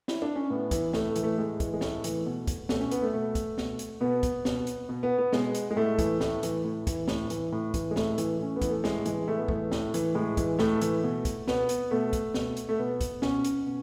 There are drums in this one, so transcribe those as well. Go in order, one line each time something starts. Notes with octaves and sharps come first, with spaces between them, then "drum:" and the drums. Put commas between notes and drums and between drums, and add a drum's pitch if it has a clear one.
E4, drum: snare
D4
C#4
A2 B3
E3, drum: kick, hi-hat
A2 A3, drum: snare
A3
E3, drum: hi-hat
A3
A2 G#3
E3, drum: kick, hi-hat
G#3
A2 A3, drum: snare
E3, drum: hi-hat
B2
drum: kick, hi-hat
B2 A3, drum: snare
C#4
B3, drum: hi-hat
A3
B2 A3
drum: kick, hi-hat
B2, drum: snare
drum: hi-hat
B2 B3
drum: kick, hi-hat
B2, drum: snare
drum: hi-hat
B2
B3
B3
B2 G#3, drum: snare
drum: hi-hat
G#3
A2 A3
E3, drum: kick, hi-hat
A2, drum: snare
E3, drum: hi-hat
A2
E3, drum: kick, hi-hat
A2, drum: snare
E3, drum: hi-hat
A2
E3, drum: kick, hi-hat
G#3
A2 A3, drum: snare
E3, drum: hi-hat
A2 C#4
B3
E3, drum: kick, hi-hat
A3
A2 G#3, drum: snare
E3 G#3, drum: hi-hat
A2 A3
B3
E3 A3, drum: kick
A2, drum: snare
E3, drum: hi-hat
A2 G#3
E3, drum: kick, hi-hat
A2 A3, drum: snare
E3, drum: hi-hat
B2
drum: kick, hi-hat
B2 B3, drum: snare
drum: hi-hat
B2 A3
drum: kick, hi-hat
B2, drum: snare
drum: hi-hat
A3
B2 B3
drum: kick, hi-hat
B2 C#4, drum: snare
drum: hi-hat
B2